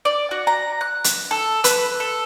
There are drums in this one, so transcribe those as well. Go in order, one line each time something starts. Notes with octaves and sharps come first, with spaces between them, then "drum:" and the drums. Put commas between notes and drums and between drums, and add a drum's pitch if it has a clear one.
D5
F#4
A#5
F#6
drum: hi-hat
A4
B4, drum: hi-hat
A4